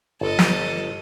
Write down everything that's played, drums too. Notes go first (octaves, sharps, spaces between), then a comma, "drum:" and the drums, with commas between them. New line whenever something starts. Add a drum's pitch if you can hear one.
G1 A4 D#5
drum: snare